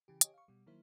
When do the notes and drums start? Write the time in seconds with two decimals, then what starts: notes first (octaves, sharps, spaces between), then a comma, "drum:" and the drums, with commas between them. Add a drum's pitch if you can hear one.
0.08 C#3 E3 G4
0.21 G4 C#5 D#5 G#5, drum: hi-hat
0.34 F5 C#6
0.48 B2 G3
0.66 D#3 F#3 A#3 E4 C5